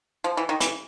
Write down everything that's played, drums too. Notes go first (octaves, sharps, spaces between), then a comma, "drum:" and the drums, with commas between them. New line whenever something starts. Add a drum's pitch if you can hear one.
F3
E3
D#3
E3, drum: hi-hat